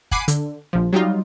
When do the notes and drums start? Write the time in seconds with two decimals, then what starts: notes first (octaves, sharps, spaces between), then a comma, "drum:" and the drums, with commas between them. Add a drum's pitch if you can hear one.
0.11 F#5 G#5 B5 D6 C7 D#7, drum: kick
0.28 D3, drum: hi-hat
0.73 A#1 F3
0.93 F#3 G3 D#4 F4